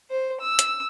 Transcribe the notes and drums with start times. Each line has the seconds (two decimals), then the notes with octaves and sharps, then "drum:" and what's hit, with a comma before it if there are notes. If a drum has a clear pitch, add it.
0.10 C5
0.41 E6
0.59 drum: hi-hat